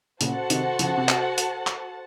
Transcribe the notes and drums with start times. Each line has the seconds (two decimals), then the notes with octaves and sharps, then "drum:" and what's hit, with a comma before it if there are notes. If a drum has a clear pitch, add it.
0.21 A#2 C#3 F#4 A4 C5 F#5 A5, drum: hi-hat
0.50 C3 D#3, drum: hi-hat
0.79 C#3 F3, drum: hi-hat
0.97 C3
1.09 drum: clap
1.38 drum: hi-hat
1.67 drum: clap